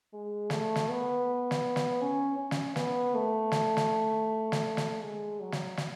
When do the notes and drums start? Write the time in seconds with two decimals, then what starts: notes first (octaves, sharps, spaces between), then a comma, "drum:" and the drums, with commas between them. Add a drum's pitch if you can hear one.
0.13 G#3
0.50 A3, drum: snare
0.75 drum: snare
0.88 B3
1.51 drum: snare
1.76 drum: snare
2.01 C#4
2.38 C#4
2.51 drum: snare
2.76 B3, drum: snare
3.14 A3
3.52 drum: snare
3.77 drum: snare
4.52 drum: snare
4.77 drum: snare
5.02 G#3
5.40 F#3
5.52 drum: snare
5.77 drum: snare